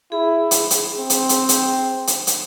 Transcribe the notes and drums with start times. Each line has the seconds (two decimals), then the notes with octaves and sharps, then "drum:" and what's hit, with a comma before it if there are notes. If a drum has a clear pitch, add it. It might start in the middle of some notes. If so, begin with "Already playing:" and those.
0.12 E4 G#4
0.51 drum: hi-hat
0.71 drum: hi-hat
0.99 C4
1.10 drum: hi-hat
1.29 drum: hi-hat
1.49 drum: hi-hat
2.07 drum: hi-hat
2.27 drum: hi-hat